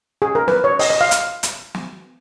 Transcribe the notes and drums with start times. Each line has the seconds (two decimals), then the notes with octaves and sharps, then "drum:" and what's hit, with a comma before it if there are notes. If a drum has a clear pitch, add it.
0.22 G#4
0.35 A#4
0.48 B4, drum: snare
0.64 C#5
0.79 D#5, drum: open hi-hat
0.90 D#5
1.01 F5
1.11 drum: hi-hat
1.43 drum: hi-hat
1.75 drum: snare